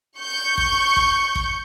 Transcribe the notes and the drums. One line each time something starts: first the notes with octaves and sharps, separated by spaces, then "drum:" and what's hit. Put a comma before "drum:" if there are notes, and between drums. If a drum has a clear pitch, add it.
C#6 G6
drum: kick
drum: kick
drum: kick